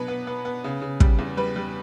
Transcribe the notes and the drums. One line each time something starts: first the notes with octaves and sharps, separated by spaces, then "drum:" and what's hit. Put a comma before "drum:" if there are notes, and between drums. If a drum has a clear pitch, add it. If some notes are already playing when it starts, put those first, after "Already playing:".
Already playing: B2 F#3 D4 B4
B3
B3
B3
C#3
C#3
G3, drum: kick
E2
G3 B4
G3